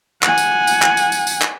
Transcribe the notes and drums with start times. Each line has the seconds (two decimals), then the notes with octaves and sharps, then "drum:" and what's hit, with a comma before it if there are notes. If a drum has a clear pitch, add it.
0.23 F#5 G#5, drum: clap
0.38 drum: tambourine
0.67 drum: tambourine
0.82 drum: clap
0.97 drum: tambourine
1.12 drum: tambourine
1.27 drum: tambourine
1.42 drum: clap